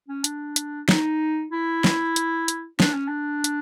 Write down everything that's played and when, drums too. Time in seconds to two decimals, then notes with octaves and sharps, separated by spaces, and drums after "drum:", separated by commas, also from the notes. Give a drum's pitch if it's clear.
0.08 C#4
0.24 D4, drum: hi-hat
0.56 drum: hi-hat
0.89 D#4, drum: snare
1.52 E4
1.84 drum: snare
2.16 drum: hi-hat
2.48 drum: hi-hat
2.80 D4, drum: snare
2.94 C#4
3.08 D4
3.44 drum: hi-hat